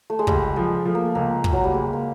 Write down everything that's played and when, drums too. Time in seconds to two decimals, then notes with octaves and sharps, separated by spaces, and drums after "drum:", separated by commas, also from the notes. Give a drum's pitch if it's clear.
0.10 A3
0.19 G#3
0.27 C#2 G3, drum: kick
0.56 F3 G#3
0.85 F3 A3
0.95 A#3
1.06 A3
1.15 C#2 A#3
1.44 C#2, drum: kick
1.53 F#3
1.64 G3
1.74 C#2 G#3
1.93 A#3